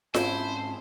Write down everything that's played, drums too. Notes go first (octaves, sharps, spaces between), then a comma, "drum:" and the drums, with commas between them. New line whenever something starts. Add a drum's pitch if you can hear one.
G#2 C4 C#4 E4 C5 A5, drum: snare F4